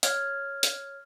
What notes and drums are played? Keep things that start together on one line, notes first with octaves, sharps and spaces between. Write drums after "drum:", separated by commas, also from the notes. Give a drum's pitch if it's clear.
C#5 F6 G#6, drum: hi-hat
drum: hi-hat